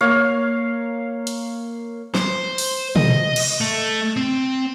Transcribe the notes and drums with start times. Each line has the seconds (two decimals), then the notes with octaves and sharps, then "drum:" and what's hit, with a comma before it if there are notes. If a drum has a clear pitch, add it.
0.01 A#3 C#5 F5
1.27 drum: hi-hat
2.15 C5, drum: snare
2.58 drum: open hi-hat
2.96 D#5, drum: tom
3.36 drum: cymbal
3.61 A3
4.17 C4